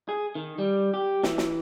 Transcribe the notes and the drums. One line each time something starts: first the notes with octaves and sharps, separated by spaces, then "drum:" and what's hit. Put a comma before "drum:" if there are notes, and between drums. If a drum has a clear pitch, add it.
G#4
D#3
G3
G4
E3, drum: snare
drum: snare